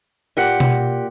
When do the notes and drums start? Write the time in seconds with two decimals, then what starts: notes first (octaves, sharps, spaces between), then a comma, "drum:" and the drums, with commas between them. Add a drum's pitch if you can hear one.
0.37 A#2 G4 F#5
0.60 drum: tom B2